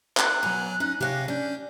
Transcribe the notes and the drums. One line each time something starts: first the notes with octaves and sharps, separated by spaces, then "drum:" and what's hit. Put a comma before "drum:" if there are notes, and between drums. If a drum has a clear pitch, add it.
F#6, drum: clap
B2 F#3 G#5 A#5
C#4 D#4
C3 C#4 G4 F5 A#6
C#4 D4 G6